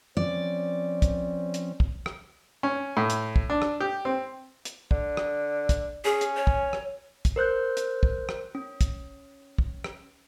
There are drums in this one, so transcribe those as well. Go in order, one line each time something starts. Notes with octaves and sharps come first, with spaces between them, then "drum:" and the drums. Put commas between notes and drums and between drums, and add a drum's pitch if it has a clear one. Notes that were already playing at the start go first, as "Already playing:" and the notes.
F3 C4 C#4 D5
drum: kick, hi-hat
drum: hi-hat
drum: kick
drum: rim click
C#4
A2
drum: hi-hat
drum: kick
D4
drum: rim click
G4
C4
drum: hi-hat
D3, drum: kick
drum: rim click
drum: kick, hi-hat
C#4 G#4
drum: hi-hat
C#5
drum: kick
drum: rim click
drum: kick, hi-hat
A#4 C5 F#6 G6
drum: hi-hat
drum: kick
drum: rim click
C#4
drum: kick, hi-hat
drum: kick
drum: rim click